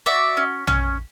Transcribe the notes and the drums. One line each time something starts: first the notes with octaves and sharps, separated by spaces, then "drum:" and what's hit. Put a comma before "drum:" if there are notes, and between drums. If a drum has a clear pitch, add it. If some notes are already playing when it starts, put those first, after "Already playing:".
F#4 D5 E5
C#4
C#4, drum: tom A#1